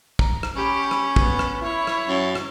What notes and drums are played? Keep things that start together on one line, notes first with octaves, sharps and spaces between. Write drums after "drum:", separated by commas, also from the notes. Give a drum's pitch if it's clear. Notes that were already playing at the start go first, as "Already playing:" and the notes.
A#5, drum: kick
drum: rim click
C#4 G4 B5
drum: rim click
B3, drum: kick
drum: rim click
E4 C#5
drum: rim click
F#2
drum: rim click